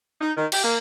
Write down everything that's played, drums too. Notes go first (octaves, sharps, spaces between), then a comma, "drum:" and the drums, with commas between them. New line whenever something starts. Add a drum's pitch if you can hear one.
D#4
D#3
G4, drum: cymbal
A#3